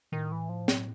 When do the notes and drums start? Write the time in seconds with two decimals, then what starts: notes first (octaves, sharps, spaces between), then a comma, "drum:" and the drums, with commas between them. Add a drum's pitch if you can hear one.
0.12 A2 D#3
0.32 E3
0.49 F3
0.68 F#3, drum: snare